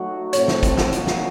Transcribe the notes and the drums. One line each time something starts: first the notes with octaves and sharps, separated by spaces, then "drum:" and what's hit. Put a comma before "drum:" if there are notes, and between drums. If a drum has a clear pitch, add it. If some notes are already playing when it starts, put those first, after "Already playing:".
Already playing: F#3 A3 D#4 F#4
A2 A3 C4 C#5, drum: hi-hat
drum: snare
drum: kick, hi-hat
drum: snare
D#3 A#3 C#4 F#4, drum: hi-hat
drum: snare